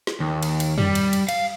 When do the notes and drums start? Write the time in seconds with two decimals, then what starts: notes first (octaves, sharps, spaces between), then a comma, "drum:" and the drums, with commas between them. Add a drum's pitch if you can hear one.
0.07 drum: snare
0.20 D#2
0.43 drum: cymbal
0.60 drum: cymbal
0.78 G3, drum: tom F2
0.95 drum: cymbal
1.13 drum: cymbal
1.29 F5, drum: cymbal